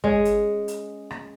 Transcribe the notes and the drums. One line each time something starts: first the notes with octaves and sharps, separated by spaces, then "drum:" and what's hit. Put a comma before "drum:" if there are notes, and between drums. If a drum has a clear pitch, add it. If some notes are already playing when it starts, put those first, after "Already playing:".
G#3 C#4, drum: kick
drum: hi-hat
drum: hi-hat
drum: rim click